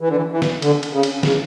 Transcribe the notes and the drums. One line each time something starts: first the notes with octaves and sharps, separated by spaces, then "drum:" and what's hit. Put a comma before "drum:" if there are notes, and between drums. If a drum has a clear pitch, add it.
E3
D3
E3
E3
drum: snare
D3, drum: cymbal
drum: cymbal
C#3
drum: cymbal
C#3, drum: snare